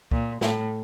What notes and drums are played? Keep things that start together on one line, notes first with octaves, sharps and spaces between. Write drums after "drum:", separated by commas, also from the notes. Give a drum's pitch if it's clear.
A#2, drum: kick
A2, drum: snare